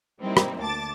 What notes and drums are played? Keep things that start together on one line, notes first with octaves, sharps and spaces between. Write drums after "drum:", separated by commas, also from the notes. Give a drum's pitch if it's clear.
G3 A#3 C4 D#4 E4
drum: rim click
D2 A5 D6 A6